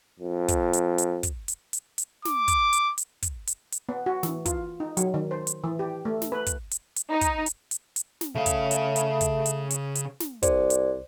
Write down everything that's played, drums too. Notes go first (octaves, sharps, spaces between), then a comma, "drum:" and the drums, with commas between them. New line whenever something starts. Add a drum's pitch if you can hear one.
F2
drum: kick, hi-hat
drum: hi-hat
drum: hi-hat
drum: kick, hi-hat
drum: hi-hat
drum: hi-hat
drum: hi-hat
D6, drum: snare
drum: kick, hi-hat
drum: hi-hat
drum: hi-hat
drum: kick, hi-hat
drum: hi-hat
drum: hi-hat
B3
F#4
E3, drum: snare
F4, drum: kick, hi-hat
D#4
F#3, drum: hi-hat
D#3
C5
drum: hi-hat
E3
G4
A3
drum: snare
B4
drum: kick, hi-hat
drum: hi-hat
drum: hi-hat
D#4
drum: kick, hi-hat
drum: hi-hat
drum: hi-hat
drum: hi-hat
drum: snare
C#3 A3 F5
drum: kick, hi-hat
drum: hi-hat
drum: hi-hat
drum: kick, hi-hat
drum: hi-hat
drum: hi-hat
drum: hi-hat
drum: snare
C2 C5 D5, drum: kick, hi-hat
drum: hi-hat